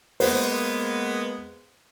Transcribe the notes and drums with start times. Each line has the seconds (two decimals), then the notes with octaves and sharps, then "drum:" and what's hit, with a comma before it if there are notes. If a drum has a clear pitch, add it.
0.20 G#3 A#3 B3 C5, drum: open hi-hat